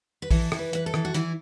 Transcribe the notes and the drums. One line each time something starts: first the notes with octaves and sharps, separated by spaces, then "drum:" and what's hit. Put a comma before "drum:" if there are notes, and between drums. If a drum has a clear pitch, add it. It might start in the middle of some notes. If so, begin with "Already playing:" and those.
B4
E3 A4, drum: kick, open hi-hat
E3, drum: rim click
B4
E3 B4, drum: hi-hat
A4
E3, drum: rim click
F#4
E3 E4, drum: hi-hat